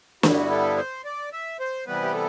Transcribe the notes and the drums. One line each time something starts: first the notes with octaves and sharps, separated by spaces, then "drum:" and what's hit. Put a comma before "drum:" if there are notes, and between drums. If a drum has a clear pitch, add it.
G2 D3 G3 B3 E4 F#4, drum: snare
A4
C5
D5
E5
C5
C3 E3 G3 B3 B4
G4
A4